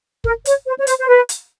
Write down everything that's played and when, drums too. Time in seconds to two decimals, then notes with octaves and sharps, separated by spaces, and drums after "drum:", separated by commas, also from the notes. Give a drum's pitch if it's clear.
0.24 A#4, drum: kick
0.45 C#5, drum: hi-hat
0.66 C5
0.79 C#5
0.87 C5, drum: hi-hat
0.99 C5
1.08 B4
1.29 drum: hi-hat